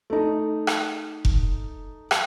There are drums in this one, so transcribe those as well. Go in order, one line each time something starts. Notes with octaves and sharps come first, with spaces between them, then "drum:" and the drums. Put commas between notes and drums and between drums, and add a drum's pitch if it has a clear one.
A3 D#4
drum: rim click
drum: kick F1
drum: rim click